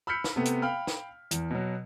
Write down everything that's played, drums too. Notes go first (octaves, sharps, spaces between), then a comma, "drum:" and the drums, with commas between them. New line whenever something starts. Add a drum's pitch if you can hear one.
B5 E6 F6 G6 B6 C#7
drum: snare
C3 A3 B3
drum: hi-hat
F5 G5 B5 F6
drum: snare
E2, drum: hi-hat
B2 F#3